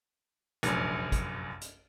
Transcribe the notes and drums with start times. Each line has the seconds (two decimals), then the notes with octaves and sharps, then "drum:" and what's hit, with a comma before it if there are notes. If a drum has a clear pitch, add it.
0.63 F1 A#1 F#2, drum: hi-hat
1.12 drum: kick G#1, hi-hat
1.61 drum: hi-hat